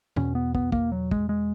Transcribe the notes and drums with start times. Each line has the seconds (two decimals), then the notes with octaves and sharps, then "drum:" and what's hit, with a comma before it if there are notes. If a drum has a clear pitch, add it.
0.16 E2 B2 C#4, drum: tom
0.35 B3
0.55 B3, drum: kick
0.72 A#3, drum: kick
0.92 F#3
1.11 G#3, drum: kick
1.29 G#3